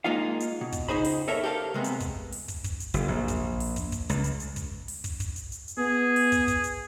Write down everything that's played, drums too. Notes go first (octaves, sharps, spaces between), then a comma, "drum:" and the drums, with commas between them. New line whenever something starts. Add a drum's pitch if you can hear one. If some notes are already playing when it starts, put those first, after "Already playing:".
G#3 A#3 D#4 F4 F5
drum: hi-hat
B2
drum: kick, hi-hat
C#2 D#4 G#4 C5 B5
drum: open hi-hat
A4 A#4 C#5 E5
G4 A4 A#4 C5 F5
C3 G#3 B3 C4
drum: hi-hat
drum: kick, hi-hat
drum: open hi-hat
drum: kick, hi-hat
drum: kick, hi-hat
drum: hi-hat
F#1, drum: hi-hat
A#1
drum: kick, hi-hat
drum: open hi-hat
drum: kick, hi-hat
drum: kick, hi-hat
C#2, drum: hi-hat
drum: hi-hat
drum: hi-hat
drum: kick, hi-hat
drum: open hi-hat
drum: kick, hi-hat
drum: kick, hi-hat
drum: hi-hat
drum: hi-hat
drum: hi-hat
B3 G#4
drum: open hi-hat
drum: kick, hi-hat
drum: kick, hi-hat
drum: hi-hat